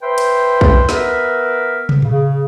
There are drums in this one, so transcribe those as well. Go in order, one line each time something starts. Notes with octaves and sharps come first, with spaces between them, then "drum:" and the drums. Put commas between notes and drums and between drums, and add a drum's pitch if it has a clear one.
B4 C5 E5 G5 C6
drum: cymbal
drum: kick B1
B3 A#4 B4 E5, drum: snare
drum: tom
C#3, drum: tom A2